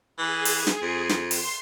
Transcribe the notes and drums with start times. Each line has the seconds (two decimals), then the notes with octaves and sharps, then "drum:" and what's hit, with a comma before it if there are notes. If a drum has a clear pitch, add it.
0.18 E3 G#4
0.45 drum: open hi-hat
0.67 drum: snare
0.82 F2
1.09 drum: snare
1.31 C6, drum: open hi-hat